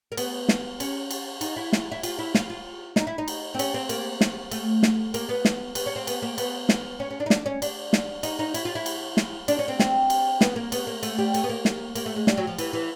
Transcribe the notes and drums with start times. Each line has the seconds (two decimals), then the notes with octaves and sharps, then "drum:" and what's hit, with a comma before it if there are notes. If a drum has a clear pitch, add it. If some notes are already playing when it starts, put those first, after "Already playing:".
0.12 A#3
0.17 B3, drum: cymbal
0.49 drum: snare
0.80 C#4, drum: cymbal
1.11 drum: cymbal
1.41 D#4, drum: cymbal
1.56 E4
1.73 drum: snare
1.92 E4
2.03 F4, drum: cymbal
2.19 E4
2.35 F4, drum: snare
2.50 F4
2.96 D#4, drum: snare
3.07 E4
3.18 D#4
3.28 drum: cymbal
3.54 C4
3.59 C#4, drum: cymbal
3.74 C4
3.89 A#3, drum: cymbal
4.21 drum: snare
4.51 A3, drum: cymbal
4.83 drum: snare
5.14 A#3, drum: cymbal
5.29 B3
5.45 drum: snare
5.75 B3, drum: cymbal
5.86 C#4
5.96 C4
6.07 B3, drum: cymbal
6.22 A#3
6.38 B3, drum: cymbal
6.69 drum: snare
7.00 C#4
7.10 C#4
7.20 D4
7.26 D#4
7.30 D4, drum: snare
7.46 C#4
7.62 D4, drum: cymbal
7.93 drum: snare
8.23 D#4, drum: cymbal
8.39 D#4
8.54 E4, drum: cymbal
8.65 F4
8.75 E4
8.86 drum: cymbal
9.17 drum: snare
9.48 D4, drum: cymbal
9.59 C#4
9.68 C4
9.79 C4, drum: snare
10.10 drum: cymbal
10.41 B3, drum: snare
10.56 A#3
10.72 B3, drum: cymbal
10.87 A#3
11.03 A3, drum: cymbal
11.19 G3
11.34 A3, drum: cymbal
11.44 B3
11.49 A#3
11.65 drum: snare
11.95 A#3, drum: cymbal
12.06 A3
12.16 G#3
12.27 G3, drum: snare
12.37 F#3
12.47 F3
12.58 E3, drum: cymbal
12.73 E3